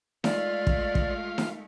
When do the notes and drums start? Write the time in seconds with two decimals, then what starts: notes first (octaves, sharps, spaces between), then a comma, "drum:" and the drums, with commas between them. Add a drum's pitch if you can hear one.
0.24 G#3 A3 F4 D5 F5, drum: snare D#4
0.67 drum: kick
0.95 drum: kick
1.38 drum: snare D#4